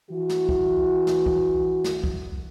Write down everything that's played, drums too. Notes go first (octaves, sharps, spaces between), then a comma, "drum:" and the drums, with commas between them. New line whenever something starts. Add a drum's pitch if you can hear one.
E3 F#4
drum: snare
drum: kick C2
drum: snare
drum: kick C2
drum: snare
drum: kick C2